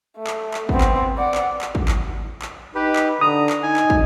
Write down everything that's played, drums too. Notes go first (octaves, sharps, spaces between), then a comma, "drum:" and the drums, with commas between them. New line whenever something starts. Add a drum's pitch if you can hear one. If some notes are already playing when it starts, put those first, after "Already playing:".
A3
drum: clap
drum: clap
B3 C4, drum: kick
drum: clap
D5 F#5
drum: clap
drum: clap
drum: kick
drum: clap
drum: clap
D#4 G4 B4
drum: clap
D3 A#5 D#6
drum: clap
D#4 G#5
drum: clap
drum: kick